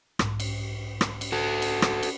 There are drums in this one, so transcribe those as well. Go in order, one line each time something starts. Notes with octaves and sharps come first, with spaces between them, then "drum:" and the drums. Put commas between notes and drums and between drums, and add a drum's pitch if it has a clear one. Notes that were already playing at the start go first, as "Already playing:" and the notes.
B1 G#2, drum: rim click
drum: cymbal
drum: rim click
drum: cymbal
F#4 A4
drum: cymbal
drum: rim click
drum: cymbal